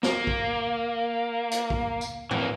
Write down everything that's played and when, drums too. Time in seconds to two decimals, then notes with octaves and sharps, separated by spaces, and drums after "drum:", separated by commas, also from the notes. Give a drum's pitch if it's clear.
0.03 A#3, drum: snare
0.27 drum: kick
1.51 drum: hi-hat
1.70 drum: kick
2.01 drum: tambourine
2.31 E3 A#3, drum: tom G#2